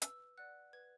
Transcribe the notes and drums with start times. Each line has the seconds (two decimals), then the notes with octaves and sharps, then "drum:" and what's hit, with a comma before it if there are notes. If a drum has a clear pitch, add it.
0.02 B4 E6, drum: hi-hat
0.38 D5 F#5 F#6
0.73 B4 G#6